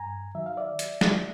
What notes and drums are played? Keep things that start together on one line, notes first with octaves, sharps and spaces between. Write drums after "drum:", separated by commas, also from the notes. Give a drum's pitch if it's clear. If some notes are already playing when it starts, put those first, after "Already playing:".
Already playing: G2 G#5 A#5
D#3 F#3 E5
F5
D5 E5
drum: hi-hat
drum: snare